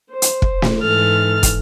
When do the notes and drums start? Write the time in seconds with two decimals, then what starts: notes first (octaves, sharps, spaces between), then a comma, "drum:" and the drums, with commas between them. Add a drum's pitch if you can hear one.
0.11 C5
0.22 drum: hi-hat
0.42 drum: kick
0.62 drum: snare
0.82 G#2 E3 A4 F6 A6
1.43 drum: kick, hi-hat